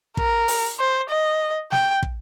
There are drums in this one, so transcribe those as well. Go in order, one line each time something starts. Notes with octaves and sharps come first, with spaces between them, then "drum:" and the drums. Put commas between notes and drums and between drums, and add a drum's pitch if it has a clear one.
A#4, drum: kick
drum: open hi-hat
C5
D#5
G5, drum: snare
drum: kick